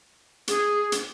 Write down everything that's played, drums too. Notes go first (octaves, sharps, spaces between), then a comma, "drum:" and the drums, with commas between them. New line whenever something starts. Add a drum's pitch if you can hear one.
G#4, drum: hi-hat
drum: hi-hat